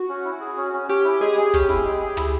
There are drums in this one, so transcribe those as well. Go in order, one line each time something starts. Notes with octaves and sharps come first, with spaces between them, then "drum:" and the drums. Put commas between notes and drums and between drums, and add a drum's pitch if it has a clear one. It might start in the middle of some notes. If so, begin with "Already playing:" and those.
Already playing: F#4
C#4
E4
G#4
C#4
C#4
C#4 G4
E4
G#3 G#4
G#4
C#4 G4, drum: kick
E4, drum: snare
G#3
G#4
E4, drum: tom